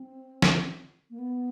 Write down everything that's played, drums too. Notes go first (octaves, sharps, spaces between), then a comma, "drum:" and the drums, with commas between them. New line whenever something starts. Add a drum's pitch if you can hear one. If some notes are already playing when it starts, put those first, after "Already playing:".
Already playing: C4
drum: snare
A#3
B3